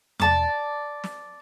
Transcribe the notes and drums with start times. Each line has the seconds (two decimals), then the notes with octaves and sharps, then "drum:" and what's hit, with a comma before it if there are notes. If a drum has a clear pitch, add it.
0.20 D5 A5 D6, drum: tom E2
1.04 drum: snare